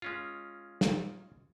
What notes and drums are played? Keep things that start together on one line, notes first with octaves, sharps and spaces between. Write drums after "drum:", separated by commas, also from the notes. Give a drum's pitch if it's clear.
G#3 C#4 F4
drum: snare